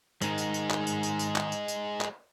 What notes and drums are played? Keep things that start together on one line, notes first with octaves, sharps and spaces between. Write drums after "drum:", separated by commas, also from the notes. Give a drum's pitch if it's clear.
G#2 D#3 G#3 D#4, drum: tambourine
drum: tambourine
drum: tambourine
drum: clap
drum: tambourine
drum: tambourine
drum: tambourine
drum: clap
drum: tambourine
drum: tambourine
drum: clap